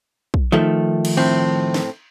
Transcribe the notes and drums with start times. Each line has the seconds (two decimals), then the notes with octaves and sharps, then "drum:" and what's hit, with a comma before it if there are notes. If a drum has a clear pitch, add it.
0.34 drum: kick
0.52 D#3 F3 A3
1.05 drum: cymbal
1.17 A2 C4
1.74 drum: snare